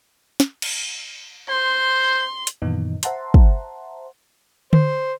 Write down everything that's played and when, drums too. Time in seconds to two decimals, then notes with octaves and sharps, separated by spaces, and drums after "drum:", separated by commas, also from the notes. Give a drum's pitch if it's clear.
0.40 drum: snare
0.62 drum: cymbal
1.49 C5 C6
2.47 drum: hi-hat
2.62 F#2 A#2 D#3 E3 B3 D#4
3.03 C5 E5 F#5 A5 A#5 C6, drum: hi-hat
3.34 drum: kick
4.73 C5, drum: tom D3